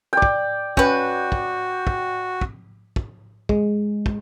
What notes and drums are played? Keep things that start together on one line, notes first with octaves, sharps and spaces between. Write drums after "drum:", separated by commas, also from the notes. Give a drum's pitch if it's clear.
D5 G5
drum: kick
C#4 F#4 B4 G5, drum: kick
drum: kick
drum: kick
drum: kick
drum: kick
G#3, drum: kick
drum: kick